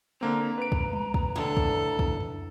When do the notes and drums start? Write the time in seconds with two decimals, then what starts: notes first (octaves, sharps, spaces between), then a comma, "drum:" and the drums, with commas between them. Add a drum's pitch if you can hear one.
0.21 D3 A#3 C4 A#5
0.58 B4 D7
0.72 drum: kick
0.93 drum: tom G3
1.14 drum: kick
1.35 A2 D3 A4
1.57 drum: kick
1.99 drum: kick
2.20 drum: tom F2